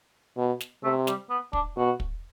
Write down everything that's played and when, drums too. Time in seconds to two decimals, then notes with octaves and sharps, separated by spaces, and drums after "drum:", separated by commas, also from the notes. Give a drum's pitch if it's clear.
0.37 B2
0.61 drum: snare
0.83 C3 A3
1.07 G3, drum: snare
1.30 B3
1.53 D4, drum: kick
1.76 B2 F#4
2.00 drum: kick